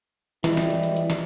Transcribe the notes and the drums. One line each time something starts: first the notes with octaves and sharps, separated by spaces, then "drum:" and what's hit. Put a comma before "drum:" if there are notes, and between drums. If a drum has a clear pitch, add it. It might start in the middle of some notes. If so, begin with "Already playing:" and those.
E3 G3 G#3 E4, drum: snare
drum: snare
drum: hi-hat
drum: hi-hat
drum: hi-hat
drum: snare